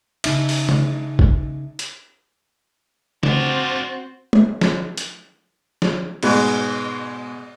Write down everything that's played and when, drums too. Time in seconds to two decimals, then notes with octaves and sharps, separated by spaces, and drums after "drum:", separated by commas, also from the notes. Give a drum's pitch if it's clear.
0.24 C#3 D#4 E5, drum: cymbal
0.49 drum: open hi-hat
0.69 drum: tom
1.19 drum: kick
1.79 drum: hi-hat
3.23 C4 D4 F4 F#4, drum: tom
4.33 drum: tom
4.61 drum: snare F3
4.98 drum: hi-hat
5.82 drum: snare F3
6.23 G#2 B2 G#3 B3, drum: cymbal